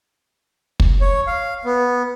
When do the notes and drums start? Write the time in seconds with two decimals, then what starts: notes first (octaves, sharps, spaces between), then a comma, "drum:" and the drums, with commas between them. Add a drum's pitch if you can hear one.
0.80 drum: kick
1.01 C#5
1.27 F5
1.65 B3